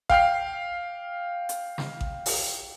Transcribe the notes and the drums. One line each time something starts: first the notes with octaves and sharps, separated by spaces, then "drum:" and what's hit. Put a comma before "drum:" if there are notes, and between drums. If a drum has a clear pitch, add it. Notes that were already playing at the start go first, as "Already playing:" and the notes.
F5 G5 F6 C7, drum: kick A1
drum: hi-hat
drum: snare
drum: kick A1
drum: open hi-hat